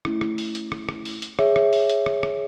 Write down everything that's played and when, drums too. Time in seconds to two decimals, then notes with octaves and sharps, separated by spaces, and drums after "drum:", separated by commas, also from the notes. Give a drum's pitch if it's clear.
0.05 A3 C#4 E4, drum: rim click
0.21 drum: rim click
0.38 drum: open hi-hat
0.55 drum: hi-hat
0.72 drum: rim click
0.89 drum: rim click
1.05 drum: open hi-hat
1.22 drum: hi-hat
1.39 G#4 C#5 E5, drum: rim click
1.56 drum: rim click
1.73 drum: open hi-hat
1.89 drum: hi-hat
2.06 drum: rim click
2.23 drum: rim click